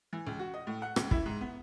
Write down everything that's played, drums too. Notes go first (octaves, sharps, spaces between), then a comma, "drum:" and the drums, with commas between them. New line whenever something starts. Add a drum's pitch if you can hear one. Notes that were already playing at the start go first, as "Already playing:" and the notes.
E3
C#2
F#4
D#5
A2
F#5
C#2, drum: rim click
E4, drum: kick
G#2
B3